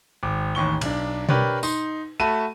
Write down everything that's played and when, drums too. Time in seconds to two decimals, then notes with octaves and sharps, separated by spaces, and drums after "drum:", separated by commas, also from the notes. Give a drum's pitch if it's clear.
0.23 G#1 D6
0.55 A1 D#2 C#6 G7
0.81 B1 D4, drum: cymbal
1.29 D4 G4 A#4 B4 C#5 D5, drum: tom B2
1.63 D#4 C6, drum: tambourine
2.20 A3 F#4 A5 B5 D#7